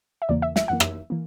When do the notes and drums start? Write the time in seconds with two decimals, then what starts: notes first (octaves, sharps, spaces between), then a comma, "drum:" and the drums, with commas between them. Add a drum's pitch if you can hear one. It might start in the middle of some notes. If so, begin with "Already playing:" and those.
0.22 E5
0.29 E2 C#3 E3 A#3 D5
0.42 E5
0.56 E5, drum: snare
0.68 F#2 E3 A#3 F#5
0.80 E5, drum: rim click
1.10 E3 A#3